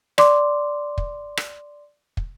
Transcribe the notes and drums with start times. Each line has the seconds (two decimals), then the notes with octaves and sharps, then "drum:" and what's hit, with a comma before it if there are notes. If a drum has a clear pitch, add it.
0.18 D5 C6 D6, drum: rim click
0.98 drum: kick
1.37 drum: rim click
2.17 drum: kick